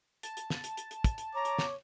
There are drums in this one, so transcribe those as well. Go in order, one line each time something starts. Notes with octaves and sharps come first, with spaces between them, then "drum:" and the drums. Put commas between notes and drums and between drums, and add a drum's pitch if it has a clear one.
A5, drum: hi-hat
drum: hi-hat
drum: snare
drum: hi-hat
drum: hi-hat
drum: hi-hat
drum: kick, hi-hat
drum: hi-hat
C#5 A#5 D6
drum: hi-hat
drum: snare